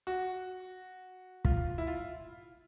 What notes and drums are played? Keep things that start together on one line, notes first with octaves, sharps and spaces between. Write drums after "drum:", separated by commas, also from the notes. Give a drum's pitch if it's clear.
F#4
F4, drum: kick
E4
F4